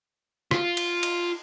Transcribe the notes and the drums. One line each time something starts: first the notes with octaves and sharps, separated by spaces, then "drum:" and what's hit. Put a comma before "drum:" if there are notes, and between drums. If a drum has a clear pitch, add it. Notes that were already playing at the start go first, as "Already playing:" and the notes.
F4, drum: rim click
drum: cymbal
drum: cymbal